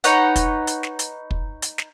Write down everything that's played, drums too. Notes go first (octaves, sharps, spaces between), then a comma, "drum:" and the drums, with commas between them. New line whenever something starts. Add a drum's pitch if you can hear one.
D#4 B4 C#5 F#5, drum: hi-hat
drum: kick, hi-hat
drum: hi-hat
drum: snare
drum: hi-hat
drum: kick
drum: hi-hat
drum: snare